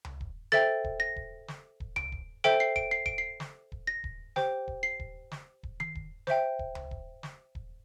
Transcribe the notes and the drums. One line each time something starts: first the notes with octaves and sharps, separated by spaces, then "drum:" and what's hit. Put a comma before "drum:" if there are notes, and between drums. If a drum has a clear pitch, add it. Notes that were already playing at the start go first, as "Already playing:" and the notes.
drum: tom C#2
drum: kick D#1
A4 C5 E5 G5 A6, drum: snare
drum: kick D#1
A#6
drum: kick D#1
drum: snare
drum: kick D#1
D7, drum: tom C#2
drum: kick D#1
A4 C5 E5 G5 D7, drum: snare
C7
D7, drum: kick D#1
C7
D7, drum: kick D#1
C7
drum: snare
drum: kick D#1
A#6
drum: kick D#1
G4 C5 G5, drum: snare
drum: kick D#1
C7
drum: kick D#1
drum: snare
drum: kick D#1
C7, drum: tom D#3
drum: kick D#1
C5 E5 G5, drum: snare
drum: kick D#1
drum: tom C#2
drum: kick D#1
drum: snare
drum: kick D#1